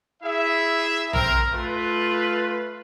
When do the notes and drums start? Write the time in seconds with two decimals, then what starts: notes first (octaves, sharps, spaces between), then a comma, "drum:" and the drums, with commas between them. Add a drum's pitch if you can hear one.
0.23 E4 G#4 E5
1.13 C4 A#4, drum: tom A#1
1.53 A3 F4 B4